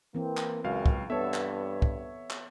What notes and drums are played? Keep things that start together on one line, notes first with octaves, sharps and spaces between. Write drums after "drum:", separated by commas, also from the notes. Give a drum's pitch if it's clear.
E3 A#3 C4
drum: clap
C#2 F#2 F#3 F5
drum: kick C2
G2 B3 A4 C#5 E5
drum: clap
drum: kick C2
drum: clap